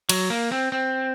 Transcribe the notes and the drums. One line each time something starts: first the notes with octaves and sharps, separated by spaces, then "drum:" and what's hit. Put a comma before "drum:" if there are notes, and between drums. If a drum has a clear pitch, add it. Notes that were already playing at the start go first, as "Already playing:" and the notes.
F#3, drum: cymbal
A#3
C4
C4